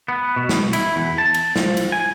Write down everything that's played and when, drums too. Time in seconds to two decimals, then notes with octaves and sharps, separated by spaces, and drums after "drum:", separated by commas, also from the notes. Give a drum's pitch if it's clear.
0.08 B3
0.36 B2
0.49 drum: snare
0.73 E4, drum: cymbal
0.96 E2
1.18 A5
1.34 drum: cymbal
1.56 F3, drum: snare
1.77 drum: cymbal
1.92 G#5